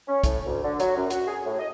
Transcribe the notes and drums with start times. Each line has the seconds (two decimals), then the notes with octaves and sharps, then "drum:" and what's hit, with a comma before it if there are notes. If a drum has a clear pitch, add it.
0.07 C#4
0.24 A2, drum: kick, hi-hat
0.45 D2
0.63 D3
0.80 F#3, drum: hi-hat
0.96 F#2
1.10 F#4, drum: hi-hat
1.27 G#4
1.44 A2
1.58 D#5